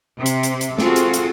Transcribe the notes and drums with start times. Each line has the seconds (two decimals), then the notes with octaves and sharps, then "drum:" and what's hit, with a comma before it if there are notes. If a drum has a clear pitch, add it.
0.17 C3
0.26 drum: hi-hat
0.43 drum: hi-hat
0.61 drum: hi-hat
0.78 C4 F4 F#4 G#4 A4, drum: snare
0.96 drum: hi-hat
1.14 drum: hi-hat